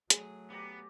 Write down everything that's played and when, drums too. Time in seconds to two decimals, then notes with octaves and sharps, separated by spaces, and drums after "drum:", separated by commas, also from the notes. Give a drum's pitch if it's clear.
0.10 F#3 A3 G#4, drum: hi-hat
0.50 B3 G4 D5 A#5